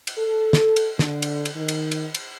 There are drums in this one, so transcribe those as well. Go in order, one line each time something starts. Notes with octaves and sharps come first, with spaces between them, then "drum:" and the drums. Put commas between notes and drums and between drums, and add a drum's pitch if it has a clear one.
drum: cymbal
A4
drum: snare
drum: cymbal
D3, drum: snare
drum: cymbal
drum: cymbal
D#3
drum: cymbal
drum: cymbal
drum: cymbal